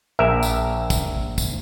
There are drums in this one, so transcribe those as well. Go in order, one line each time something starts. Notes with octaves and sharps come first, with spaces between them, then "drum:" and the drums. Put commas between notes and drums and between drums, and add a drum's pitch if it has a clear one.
A#1 A#4 E5
drum: tambourine
drum: kick, tambourine
drum: kick, tambourine